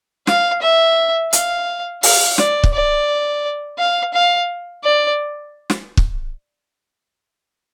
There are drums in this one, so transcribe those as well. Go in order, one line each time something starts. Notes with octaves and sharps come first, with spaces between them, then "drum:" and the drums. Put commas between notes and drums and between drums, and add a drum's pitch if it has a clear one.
F5, drum: snare
E5
F5, drum: hi-hat
F5, drum: open hi-hat
D5, drum: snare
drum: kick
D5
F5
F5
D5
drum: snare
drum: kick